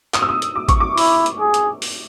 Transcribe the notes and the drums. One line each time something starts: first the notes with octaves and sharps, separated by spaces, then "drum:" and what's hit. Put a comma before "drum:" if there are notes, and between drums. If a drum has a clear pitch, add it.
D#6, drum: clap
E6
D#6
drum: hi-hat
D6
C#6, drum: kick A1, hi-hat
D6
E4, drum: open hi-hat
drum: hi-hat
G#4
drum: hi-hat
drum: open hi-hat